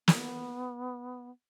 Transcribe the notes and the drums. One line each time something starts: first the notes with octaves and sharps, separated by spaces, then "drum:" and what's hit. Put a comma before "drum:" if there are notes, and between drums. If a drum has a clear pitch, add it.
B3, drum: snare